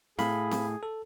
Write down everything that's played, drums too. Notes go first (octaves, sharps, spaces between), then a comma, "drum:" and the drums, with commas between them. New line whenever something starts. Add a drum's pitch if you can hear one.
A2 G#4 F5 B5, drum: snare C4
drum: snare C4
A4